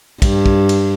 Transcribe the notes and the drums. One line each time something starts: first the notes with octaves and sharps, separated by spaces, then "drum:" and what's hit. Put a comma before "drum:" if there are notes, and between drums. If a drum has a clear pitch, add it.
G2, drum: kick, cymbal
drum: kick
drum: cymbal